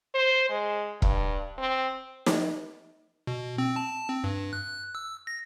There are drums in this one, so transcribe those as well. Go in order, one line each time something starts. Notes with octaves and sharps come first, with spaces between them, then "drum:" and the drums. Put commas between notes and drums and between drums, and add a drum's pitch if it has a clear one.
C5
G#3
G2, drum: kick E1
C4
drum: snare
B2
C4
A5
C4
G2
F#6
E6
A#6